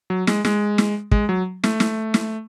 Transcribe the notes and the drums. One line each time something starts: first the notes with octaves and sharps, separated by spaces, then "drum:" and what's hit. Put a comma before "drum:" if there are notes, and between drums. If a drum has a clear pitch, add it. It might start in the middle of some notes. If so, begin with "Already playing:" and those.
F#3
G#3, drum: snare
G#3, drum: snare
drum: snare
G#3, drum: kick
F#3
A3, drum: snare
drum: snare
drum: snare